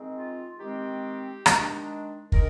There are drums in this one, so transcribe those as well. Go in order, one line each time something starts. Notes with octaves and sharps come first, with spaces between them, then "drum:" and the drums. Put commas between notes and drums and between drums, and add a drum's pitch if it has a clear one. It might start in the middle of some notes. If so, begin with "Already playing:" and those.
Already playing: D#3 G#3 C4
F4
D#3 G#3 C4 G4
D#3 G#3 D4, drum: rim click
D#3 G#3 D4 A#4, drum: kick